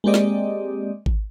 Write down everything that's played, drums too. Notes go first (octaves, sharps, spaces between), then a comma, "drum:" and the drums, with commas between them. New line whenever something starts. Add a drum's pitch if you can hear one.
G#3 A#3 C4 G4 D5 D#5
drum: snare
drum: kick G#1